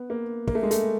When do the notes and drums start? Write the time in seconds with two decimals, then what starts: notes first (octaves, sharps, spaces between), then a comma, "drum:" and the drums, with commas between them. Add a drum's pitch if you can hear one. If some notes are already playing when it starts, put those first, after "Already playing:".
Already playing: B3
0.10 A#3
0.47 A#3, drum: kick
0.55 A3
0.63 G#3
0.71 A3, drum: hi-hat